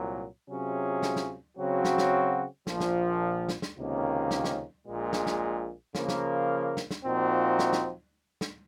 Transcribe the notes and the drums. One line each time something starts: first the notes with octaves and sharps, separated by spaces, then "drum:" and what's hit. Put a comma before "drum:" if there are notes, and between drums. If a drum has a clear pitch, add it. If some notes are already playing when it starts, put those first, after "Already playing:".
Already playing: C2 A#2 F#3
C3 F#3 C#4 F4 G#4
drum: snare
drum: snare
C#3 F#3 C4 F#4
drum: snare
drum: snare
A#1 A#2 F3, drum: snare
drum: snare
drum: snare
drum: snare
C#2 C3 D#3 A#3 C#4
drum: snare
drum: snare
A#1 A#2 G#3
drum: snare
drum: snare
C#3 F3 A#3, drum: snare
drum: snare
drum: snare
drum: snare
A#2 F3 C4 D#4 F#4
drum: snare
drum: snare
drum: snare